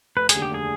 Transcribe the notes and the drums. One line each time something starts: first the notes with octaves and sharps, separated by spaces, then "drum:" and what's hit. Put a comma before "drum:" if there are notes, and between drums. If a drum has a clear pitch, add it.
F1 B4
G#4, drum: hi-hat
D#2 D3 G3 D4
G4
F1 G#4